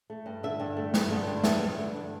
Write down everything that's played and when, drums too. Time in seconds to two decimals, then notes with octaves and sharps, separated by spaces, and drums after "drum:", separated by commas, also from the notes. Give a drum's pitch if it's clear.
0.10 A3
0.26 G2
0.43 D3 E5
0.60 G2
0.77 A3
0.94 G2, drum: snare
1.11 D3
1.27 G2
1.44 G3 E5, drum: snare
1.61 G2
1.78 D3
1.94 G2